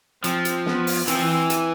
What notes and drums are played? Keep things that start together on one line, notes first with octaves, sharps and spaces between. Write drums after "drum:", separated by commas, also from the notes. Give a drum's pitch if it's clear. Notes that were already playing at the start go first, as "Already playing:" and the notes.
F3 C4, drum: hi-hat
drum: hi-hat
B3, drum: snare
drum: open hi-hat
E3 C4, drum: hi-hat
F3
E3
drum: hi-hat